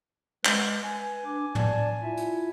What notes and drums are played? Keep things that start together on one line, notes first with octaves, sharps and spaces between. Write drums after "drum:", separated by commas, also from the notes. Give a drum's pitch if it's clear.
G#3 B4, drum: clap
B4 G#5
D4 D6
D5 A5, drum: tom
E4 F4 E5
drum: hi-hat